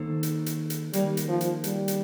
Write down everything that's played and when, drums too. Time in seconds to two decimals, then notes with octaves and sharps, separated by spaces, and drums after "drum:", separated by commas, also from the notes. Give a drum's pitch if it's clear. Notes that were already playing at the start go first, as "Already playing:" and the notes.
Already playing: D#3 A#3 D#4 A4 C5
0.23 drum: hi-hat
0.46 drum: hi-hat
0.70 drum: hi-hat
0.93 D#3 G3 A#3 D#4 A#4, drum: hi-hat
1.17 drum: hi-hat
1.29 F3
1.41 drum: hi-hat
1.64 G3, drum: hi-hat
1.88 drum: hi-hat